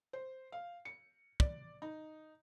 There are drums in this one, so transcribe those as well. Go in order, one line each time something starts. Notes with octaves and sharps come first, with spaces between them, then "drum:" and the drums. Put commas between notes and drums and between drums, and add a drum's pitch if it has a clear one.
C5
F5
C#7
D5, drum: kick
D#4